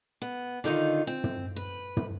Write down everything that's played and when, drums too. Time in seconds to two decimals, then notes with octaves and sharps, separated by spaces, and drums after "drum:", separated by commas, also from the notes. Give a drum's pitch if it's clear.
0.22 B3
0.64 D3 D#3 D#4 F4
1.07 C4
1.24 drum: tom
1.56 B4
1.97 drum: tom